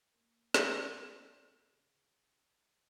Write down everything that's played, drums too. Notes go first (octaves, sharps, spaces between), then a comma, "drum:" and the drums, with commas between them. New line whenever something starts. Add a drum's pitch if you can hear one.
A#3
drum: snare
C#3